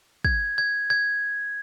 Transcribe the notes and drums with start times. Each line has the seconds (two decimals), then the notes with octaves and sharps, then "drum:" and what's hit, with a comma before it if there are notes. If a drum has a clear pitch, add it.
0.25 G#6, drum: kick
0.58 G#6
0.90 G#6